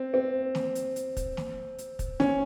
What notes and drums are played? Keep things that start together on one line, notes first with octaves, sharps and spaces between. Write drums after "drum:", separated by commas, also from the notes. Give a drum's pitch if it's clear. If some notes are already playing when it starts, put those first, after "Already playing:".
Already playing: C4
C4
drum: snare
drum: hi-hat
drum: hi-hat
drum: kick, hi-hat
drum: snare
drum: hi-hat
drum: kick, hi-hat
C#4, drum: snare